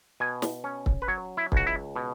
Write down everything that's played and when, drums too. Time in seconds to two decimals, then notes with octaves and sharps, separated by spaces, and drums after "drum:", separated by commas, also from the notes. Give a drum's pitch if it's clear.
0.20 B2 G#5
0.42 drum: snare
0.64 C#4
0.86 drum: kick
1.02 B4
1.08 F#3 C#5
1.37 E4
1.52 C#2 F#4, drum: kick
1.67 E4
1.96 B2